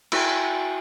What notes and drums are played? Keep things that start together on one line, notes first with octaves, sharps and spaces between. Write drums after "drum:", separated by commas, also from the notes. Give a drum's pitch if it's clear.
E4 F#4 G5 G#5, drum: cymbal